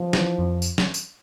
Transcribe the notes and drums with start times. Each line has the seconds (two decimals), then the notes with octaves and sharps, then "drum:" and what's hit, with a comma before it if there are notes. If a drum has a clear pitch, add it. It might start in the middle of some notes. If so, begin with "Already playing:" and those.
Already playing: F3
0.13 E3, drum: snare
0.38 F2
0.62 drum: tambourine
0.78 drum: snare
0.94 drum: tambourine